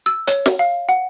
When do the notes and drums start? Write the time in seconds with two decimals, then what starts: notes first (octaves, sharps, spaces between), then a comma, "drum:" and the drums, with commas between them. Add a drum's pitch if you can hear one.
0.06 E6
0.27 C#5, drum: hi-hat
0.46 drum: snare
0.59 F5
0.89 F#5